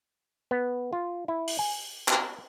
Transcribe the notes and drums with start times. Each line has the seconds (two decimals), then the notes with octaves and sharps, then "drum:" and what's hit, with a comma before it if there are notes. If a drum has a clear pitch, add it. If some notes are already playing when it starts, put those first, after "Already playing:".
0.51 B3
0.93 F4
1.28 E4
1.48 drum: open hi-hat
1.59 G#5
2.08 drum: clap